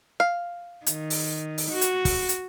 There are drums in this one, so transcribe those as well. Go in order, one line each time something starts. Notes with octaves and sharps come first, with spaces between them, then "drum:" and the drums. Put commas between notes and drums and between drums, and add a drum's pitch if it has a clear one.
F5
D#3, drum: hi-hat
drum: open hi-hat
drum: open hi-hat
F#4
drum: hi-hat
drum: kick, open hi-hat
drum: hi-hat